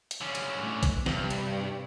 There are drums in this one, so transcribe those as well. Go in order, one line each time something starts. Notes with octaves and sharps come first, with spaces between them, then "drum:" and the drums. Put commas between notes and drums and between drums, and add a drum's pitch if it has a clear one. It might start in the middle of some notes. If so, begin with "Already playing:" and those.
drum: hi-hat
D3 C#4
drum: hi-hat
A2
drum: kick A#1, hi-hat
G2 C3 G3, drum: snare
drum: hi-hat